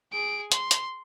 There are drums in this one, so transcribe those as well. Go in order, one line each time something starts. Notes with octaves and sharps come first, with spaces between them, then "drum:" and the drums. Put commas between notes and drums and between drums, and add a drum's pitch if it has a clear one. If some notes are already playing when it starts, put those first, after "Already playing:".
G#4 D7
C6, drum: hi-hat
drum: hi-hat